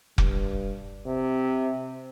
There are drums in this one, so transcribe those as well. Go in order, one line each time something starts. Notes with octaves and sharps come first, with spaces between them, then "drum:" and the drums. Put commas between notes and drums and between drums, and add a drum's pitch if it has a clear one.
G2, drum: kick F1
C3